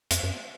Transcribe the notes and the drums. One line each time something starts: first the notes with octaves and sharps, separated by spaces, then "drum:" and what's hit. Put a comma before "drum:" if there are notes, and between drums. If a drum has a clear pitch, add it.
F2, drum: hi-hat
F#2